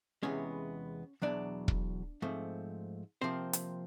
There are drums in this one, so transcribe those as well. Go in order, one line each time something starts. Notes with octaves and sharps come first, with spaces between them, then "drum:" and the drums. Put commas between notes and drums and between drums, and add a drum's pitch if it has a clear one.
E2 C3 E3 G#3 B3 C#4 C#5
E2 B2 F#3 D4 D5
drum: kick
G#2 F3 A3 C4
C3 F3 A#3 C4 C5
drum: hi-hat